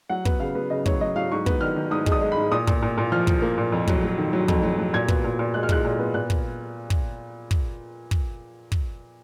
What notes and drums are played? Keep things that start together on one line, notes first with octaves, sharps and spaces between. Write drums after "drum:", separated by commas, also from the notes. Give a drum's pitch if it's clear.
F#3 F#5
B3, drum: kick
C#3 F5
B3
C#3 D#5
F#3 C#5, drum: kick
F#3 D#5
F#3 F5
G#2 C#6
B3, drum: kick
D#3 F6
D#3
G#2 D#6
G#3, drum: kick
D#6
G#3
B5
G#2
A#2 D#6
A#2, drum: kick
A#2
A#2
F3 F6
F3, drum: kick
A#3
A#2
F2
F#3, drum: kick
F#3
D#3
F#3
F2, drum: kick
F#3
F#3
A#2 G#6
B3, drum: kick
A#2
A#2
G#3 F#6
F6
G#3 F#6, drum: kick
A#2
B3
A#2 F#6
drum: kick
drum: kick
drum: kick
drum: kick
drum: kick